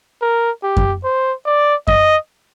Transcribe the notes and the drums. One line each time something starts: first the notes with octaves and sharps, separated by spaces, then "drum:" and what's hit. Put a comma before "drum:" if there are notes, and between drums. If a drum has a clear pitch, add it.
A#4
G4
drum: kick F#2
C5
D5
D#5, drum: kick F#2